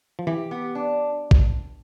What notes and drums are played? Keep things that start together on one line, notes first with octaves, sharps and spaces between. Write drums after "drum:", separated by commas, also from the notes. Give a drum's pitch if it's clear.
F3
E3 G4
B3
D4
drum: kick